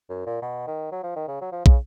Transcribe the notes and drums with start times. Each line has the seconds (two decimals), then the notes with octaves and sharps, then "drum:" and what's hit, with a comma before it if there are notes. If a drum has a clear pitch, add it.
0.10 F#2
0.26 A#2
0.42 B2
0.67 D#3
0.92 F#3
1.03 F3
1.16 D#3
1.28 C#3
1.41 F#3
1.53 F3
1.66 C#3, drum: kick